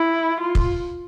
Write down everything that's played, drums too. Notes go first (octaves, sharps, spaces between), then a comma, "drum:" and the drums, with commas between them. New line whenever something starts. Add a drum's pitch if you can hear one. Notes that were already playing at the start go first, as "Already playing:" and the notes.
Already playing: E4
F4
drum: kick